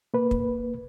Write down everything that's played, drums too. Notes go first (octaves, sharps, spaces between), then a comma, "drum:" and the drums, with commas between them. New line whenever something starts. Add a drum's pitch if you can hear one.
A#3 B4
drum: kick